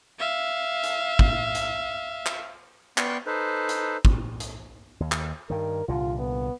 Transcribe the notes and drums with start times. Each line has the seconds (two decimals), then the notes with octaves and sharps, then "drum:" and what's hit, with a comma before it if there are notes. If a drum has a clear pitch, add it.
0.19 E5 F5
0.84 drum: hi-hat
1.19 drum: kick
1.55 drum: hi-hat
2.26 drum: clap
2.98 B3 D5 G5 C6 C#6 G6, drum: clap
3.26 D#4 A4 B4 C5
3.69 drum: hi-hat
4.05 drum: kick
4.40 drum: hi-hat
5.00 D#2
5.12 drum: clap
5.50 G2 D#3 A#4
5.88 C2 A#2 D3 F4
6.19 B3